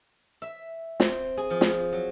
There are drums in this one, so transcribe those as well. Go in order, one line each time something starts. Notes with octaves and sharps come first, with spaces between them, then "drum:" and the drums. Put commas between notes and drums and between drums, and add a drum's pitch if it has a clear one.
E5
C4, drum: snare
G#4
F3
drum: snare
F#3